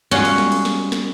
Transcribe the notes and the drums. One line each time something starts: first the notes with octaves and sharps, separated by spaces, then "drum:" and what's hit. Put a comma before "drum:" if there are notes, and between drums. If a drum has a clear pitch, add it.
G3 G#3 C#4 F4 F#4, drum: snare
drum: cymbal
drum: snare
drum: cymbal
drum: snare
drum: snare